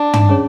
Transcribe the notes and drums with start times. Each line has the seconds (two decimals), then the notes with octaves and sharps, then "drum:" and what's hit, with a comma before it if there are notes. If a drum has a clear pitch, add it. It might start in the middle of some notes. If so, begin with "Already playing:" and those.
Already playing: D4
0.13 drum: tom
0.29 C#4 G#4 C#5